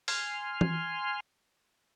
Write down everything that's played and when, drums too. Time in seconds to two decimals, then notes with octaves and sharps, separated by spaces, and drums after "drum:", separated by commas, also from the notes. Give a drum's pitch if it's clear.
0.08 G#5 C6 F6, drum: open hi-hat
0.61 drum: tom E3